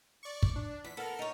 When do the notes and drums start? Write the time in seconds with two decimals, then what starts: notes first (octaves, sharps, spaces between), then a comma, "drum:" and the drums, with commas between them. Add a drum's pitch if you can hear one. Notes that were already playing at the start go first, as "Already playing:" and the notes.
0.23 D5 C#6
0.43 drum: kick
0.56 D4
0.84 E2 B6
0.97 B3 A4 A#4 F6
1.19 D#4 C#5